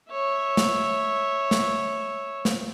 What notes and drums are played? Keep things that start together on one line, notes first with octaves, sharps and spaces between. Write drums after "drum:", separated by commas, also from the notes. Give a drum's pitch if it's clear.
C#5 E5
drum: snare
drum: snare
drum: snare